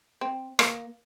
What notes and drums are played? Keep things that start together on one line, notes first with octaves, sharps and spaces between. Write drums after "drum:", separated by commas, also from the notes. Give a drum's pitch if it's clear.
C4
A#3, drum: rim click